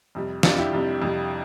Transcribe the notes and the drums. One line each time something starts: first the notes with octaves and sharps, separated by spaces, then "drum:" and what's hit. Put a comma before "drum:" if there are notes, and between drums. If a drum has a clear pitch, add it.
F2 C3 G3
F2 C3 G3 D4 F4, drum: snare
E4 G4
F2 C3 G3
F2 C3 G3